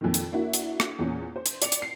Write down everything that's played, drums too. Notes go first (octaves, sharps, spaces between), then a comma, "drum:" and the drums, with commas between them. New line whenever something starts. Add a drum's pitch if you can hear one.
F2 A#2 D#3
drum: hi-hat
A#3 D4 E4 F#4
drum: hi-hat
drum: rim click
E2 A#2 C#4
C5
drum: hi-hat
D5 C#7 F7, drum: hi-hat
drum: hi-hat
C7